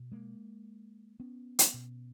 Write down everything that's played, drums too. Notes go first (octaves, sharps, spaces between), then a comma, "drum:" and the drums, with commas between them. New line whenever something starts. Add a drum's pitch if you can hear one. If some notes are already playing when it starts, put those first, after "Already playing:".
Already playing: B2
G#3 A#3
B3 C#4
drum: hi-hat
B2